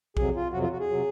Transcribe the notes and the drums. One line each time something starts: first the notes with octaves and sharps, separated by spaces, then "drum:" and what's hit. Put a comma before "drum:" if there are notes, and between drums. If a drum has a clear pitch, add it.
F2 C3 F#3 G#4, drum: kick A#1
F4
F2 C3 F#3 F#4
F4
F#4
G#4
C3 F#3